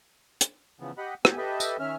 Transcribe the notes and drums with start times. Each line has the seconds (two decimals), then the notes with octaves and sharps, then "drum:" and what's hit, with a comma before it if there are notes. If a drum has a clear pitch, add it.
0.41 drum: hi-hat
0.80 C#3 E3 F3 B3
0.98 G4 D#5 F#5 B5
1.25 B3 G4 G#5, drum: rim click
1.37 G4 A4 B4 D#5 E5
1.60 drum: tambourine
1.79 D#3 C#4 E5 F6